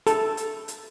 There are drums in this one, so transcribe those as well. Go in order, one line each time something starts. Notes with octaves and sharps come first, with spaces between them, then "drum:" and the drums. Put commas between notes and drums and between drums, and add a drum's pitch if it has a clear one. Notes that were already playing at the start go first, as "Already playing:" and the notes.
A4, drum: hi-hat
drum: hi-hat
drum: hi-hat